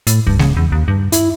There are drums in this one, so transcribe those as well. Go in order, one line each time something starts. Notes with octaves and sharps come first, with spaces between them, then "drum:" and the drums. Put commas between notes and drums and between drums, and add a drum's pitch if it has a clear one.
A2, drum: hi-hat
G2, drum: kick C2
C#3, drum: snare G#3
E2
D#2
G2
E4, drum: hi-hat